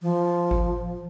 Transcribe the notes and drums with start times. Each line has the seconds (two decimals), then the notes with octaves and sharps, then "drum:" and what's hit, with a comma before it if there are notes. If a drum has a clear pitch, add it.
0.02 F3
0.51 drum: kick G#1